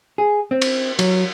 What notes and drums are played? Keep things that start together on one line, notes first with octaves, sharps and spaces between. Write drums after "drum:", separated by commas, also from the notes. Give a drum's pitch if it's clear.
G#4
C4
drum: cymbal
F#3, drum: cymbal